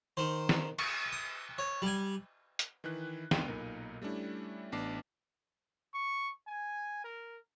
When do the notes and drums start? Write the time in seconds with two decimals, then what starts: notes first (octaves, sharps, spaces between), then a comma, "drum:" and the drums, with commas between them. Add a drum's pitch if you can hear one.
0.17 D#3 C5
0.49 drum: snare
0.79 C#6, drum: cymbal
1.13 D#6
1.58 C#5
1.82 G3 G#5
2.59 drum: hi-hat
2.84 D#3 E3 E4 B4 F#6
3.31 C#2 F#2 B3 D4 G5 D#7, drum: snare
3.48 B1 A#2 D#4 A#4 B5
4.02 G3 A3 C#4 D4 E4 G4
4.72 A1 B3 D4 A5 D6 C7
5.94 C#6
6.47 G#5
7.04 A#4